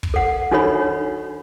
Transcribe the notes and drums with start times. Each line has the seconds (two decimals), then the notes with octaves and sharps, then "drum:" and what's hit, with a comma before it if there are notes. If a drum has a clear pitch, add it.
0.03 drum: kick
0.14 A4 F#5
0.51 D4 D#4 F#4 A4 C#5 B5